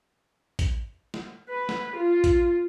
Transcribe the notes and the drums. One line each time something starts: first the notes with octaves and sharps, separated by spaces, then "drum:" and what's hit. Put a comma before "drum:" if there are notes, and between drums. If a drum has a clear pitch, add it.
drum: kick A1, hi-hat
drum: snare
B4
drum: snare
F4
drum: kick A1, hi-hat